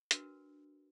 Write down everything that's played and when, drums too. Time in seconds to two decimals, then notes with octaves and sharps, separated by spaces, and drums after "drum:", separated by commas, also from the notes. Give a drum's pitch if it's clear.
0.11 D4 F#4 A#4 B4, drum: hi-hat